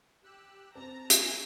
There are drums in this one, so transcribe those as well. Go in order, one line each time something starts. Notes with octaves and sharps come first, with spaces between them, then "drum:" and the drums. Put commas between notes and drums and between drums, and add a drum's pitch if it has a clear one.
G4 E6 F#6
C4 A5 A#5
G#5 A#6, drum: hi-hat